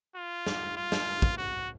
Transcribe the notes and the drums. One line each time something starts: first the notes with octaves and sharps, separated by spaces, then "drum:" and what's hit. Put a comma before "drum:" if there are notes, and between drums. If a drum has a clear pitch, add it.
F4
drum: snare
F4
drum: snare
drum: kick
F#4